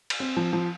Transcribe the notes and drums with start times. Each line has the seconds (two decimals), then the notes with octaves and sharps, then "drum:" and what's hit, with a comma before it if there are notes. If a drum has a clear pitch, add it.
0.10 drum: cymbal
0.20 C4
0.37 F3
0.53 F3